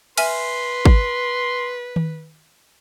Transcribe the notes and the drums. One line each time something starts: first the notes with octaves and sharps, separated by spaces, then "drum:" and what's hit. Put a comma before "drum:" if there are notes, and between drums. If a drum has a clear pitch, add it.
B4 E5 G#5 C6 F6, drum: cymbal
drum: kick
drum: tom D#3